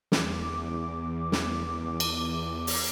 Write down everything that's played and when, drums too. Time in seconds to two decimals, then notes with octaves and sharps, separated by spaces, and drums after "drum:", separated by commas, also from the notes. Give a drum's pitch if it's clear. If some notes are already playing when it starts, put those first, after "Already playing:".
0.12 E2 D6, drum: snare
1.32 drum: snare
2.00 drum: cymbal
2.67 drum: open hi-hat